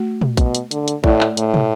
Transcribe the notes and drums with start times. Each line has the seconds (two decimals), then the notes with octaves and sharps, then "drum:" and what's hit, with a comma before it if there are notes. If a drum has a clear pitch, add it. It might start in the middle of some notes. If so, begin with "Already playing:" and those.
Already playing: A3 F#4
0.21 drum: tom
0.37 B2, drum: kick A#1, hi-hat
0.55 drum: hi-hat
0.71 D3, drum: hi-hat
0.88 drum: hi-hat
1.04 A2 A3 E4 D5, drum: kick A#1
1.21 drum: clap
1.37 A2, drum: hi-hat
1.54 drum: tom